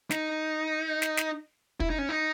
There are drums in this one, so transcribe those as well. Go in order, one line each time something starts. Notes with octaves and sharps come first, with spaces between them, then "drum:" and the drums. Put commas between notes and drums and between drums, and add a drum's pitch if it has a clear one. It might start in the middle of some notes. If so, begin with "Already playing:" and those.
D#4, drum: snare
drum: snare
drum: snare
E4, drum: kick
D#4
C#4
D#4